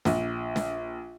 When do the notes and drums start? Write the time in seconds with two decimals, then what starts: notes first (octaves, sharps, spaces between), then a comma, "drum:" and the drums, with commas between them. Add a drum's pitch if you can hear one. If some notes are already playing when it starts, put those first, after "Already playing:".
0.05 A#1, drum: snare
0.56 drum: snare